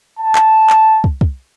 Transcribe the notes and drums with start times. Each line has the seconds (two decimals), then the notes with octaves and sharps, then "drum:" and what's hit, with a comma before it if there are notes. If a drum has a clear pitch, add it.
0.18 A5
0.35 drum: clap
0.70 drum: clap
1.04 drum: kick
1.21 drum: kick